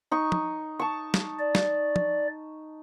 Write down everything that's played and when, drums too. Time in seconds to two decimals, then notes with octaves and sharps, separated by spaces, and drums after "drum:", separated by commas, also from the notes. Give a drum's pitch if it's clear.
0.11 D#4 C#6
0.32 drum: tom
0.79 A5 C#6
1.14 drum: snare
1.39 D5
1.55 drum: snare
1.96 drum: tom